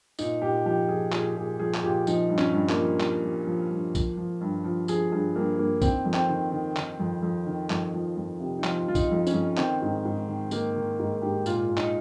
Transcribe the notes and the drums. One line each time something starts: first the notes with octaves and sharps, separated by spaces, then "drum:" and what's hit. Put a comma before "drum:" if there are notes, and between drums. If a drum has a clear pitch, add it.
A#2 D#4, drum: tambourine
A#2 G4
F3 G4
F3 G#4
A#2 G#4, drum: clap
A#2 G#4
F3 G#4
G#4, drum: clap
A#2 G4
F3 D#4, drum: tambourine
G2
C#4, drum: clap
G2
A#3, drum: clap
F3
F3, drum: clap
F3
F3
G2
F3, drum: kick B1, tambourine
F3
G2
F3
F3 G#4, drum: tambourine
G2 G#4
G2 A#3
G2 A#3
D#3 C4, drum: kick B1, tambourine
F2
C4, drum: clap
D#3
D#3
D#3, drum: clap
F2
F2
D#3
F2, drum: clap
F3
F2
C3
D#4
F3 F4, drum: clap
F3 F4
D#4, drum: kick B1, tambourine
F2
C#4, drum: tambourine
F2
D#3 C4, drum: clap
G#2
G#2
D#3
D#3 A#3, drum: tambourine
D#3
G#2
G#2 G4
A#2 F4, drum: tambourine
A#2
D#4, drum: clap